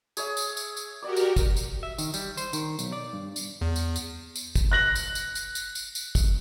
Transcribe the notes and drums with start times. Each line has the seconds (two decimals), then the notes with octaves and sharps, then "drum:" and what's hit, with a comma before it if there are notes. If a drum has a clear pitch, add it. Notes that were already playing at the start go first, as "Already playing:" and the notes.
0.17 G#4 C#5 E5, drum: tambourine
0.37 drum: tambourine
0.57 drum: tambourine
0.77 drum: tambourine
1.02 F#4 G4 A#4 D5 D6
1.16 drum: tambourine
1.36 drum: kick, tambourine
1.56 drum: tambourine
1.83 E5
1.98 D#3, drum: tambourine
2.14 G3, drum: tambourine
2.37 C5, drum: tambourine
2.53 D#3, drum: tambourine
2.79 B1, drum: tambourine
2.92 D5
3.13 G2
3.36 drum: tambourine
3.61 E2
3.76 drum: tambourine
3.96 drum: tambourine
4.36 drum: tambourine
4.55 drum: kick, tambourine
4.72 F#6 A#6 F#7
4.95 drum: tambourine
5.15 drum: tambourine
5.35 drum: tambourine
5.55 drum: tambourine
5.75 drum: tambourine
5.95 drum: tambourine
6.15 drum: kick, tambourine